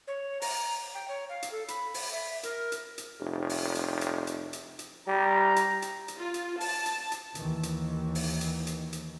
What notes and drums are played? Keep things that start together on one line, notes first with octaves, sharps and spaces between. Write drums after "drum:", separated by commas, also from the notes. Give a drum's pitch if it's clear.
C#5
A#5, drum: open hi-hat
G5
C#5
F5
drum: hi-hat
A4
B5, drum: hi-hat
drum: open hi-hat
E5
A#4, drum: hi-hat
drum: hi-hat
drum: hi-hat
F1
drum: open hi-hat
drum: hi-hat
drum: hi-hat
drum: hi-hat
drum: hi-hat
drum: hi-hat
G3 A#5
drum: hi-hat
drum: hi-hat
drum: hi-hat
F4
drum: hi-hat
A5, drum: open hi-hat
drum: hi-hat
drum: hi-hat
D#2 D#3 E3, drum: hi-hat
drum: hi-hat
drum: open hi-hat
drum: hi-hat
drum: hi-hat
drum: hi-hat